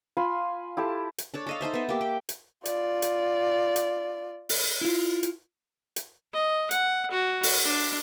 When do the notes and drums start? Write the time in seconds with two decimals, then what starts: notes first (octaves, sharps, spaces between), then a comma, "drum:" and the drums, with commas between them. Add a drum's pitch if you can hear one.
0.17 F4 G#5 B5 C6
0.77 E4 G4 A4
1.18 drum: hi-hat
1.34 D4 A4 C#5
1.47 A4 D#5 F5
1.61 D#4 A4 C5 E5
1.74 B3 E5
1.89 A#3 G4
2.01 G5
2.29 drum: hi-hat
2.65 F4 D5, drum: hi-hat
3.02 drum: hi-hat
3.76 drum: hi-hat
4.49 drum: open hi-hat
4.81 E4 F4
5.23 drum: hi-hat
5.96 drum: hi-hat
6.33 D#5
6.71 F#5, drum: hi-hat
7.11 F#4
7.43 drum: open hi-hat
7.64 D4